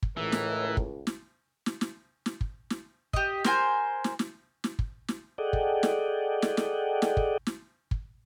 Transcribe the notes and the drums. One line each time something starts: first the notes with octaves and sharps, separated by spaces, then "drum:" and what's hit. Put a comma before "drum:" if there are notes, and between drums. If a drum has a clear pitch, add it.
drum: kick
C#2 A2 E3 A#4
drum: snare
drum: kick
drum: snare
drum: snare
drum: snare
drum: snare
drum: kick
drum: snare
G4 D#5, drum: kick
A#4 C5 G#5, drum: snare
drum: snare
drum: snare
drum: snare
drum: kick
drum: snare
G#4 A4 D5 D#5 F#5 G5
drum: kick
drum: snare
drum: snare
drum: snare
drum: snare
drum: kick
drum: snare
drum: kick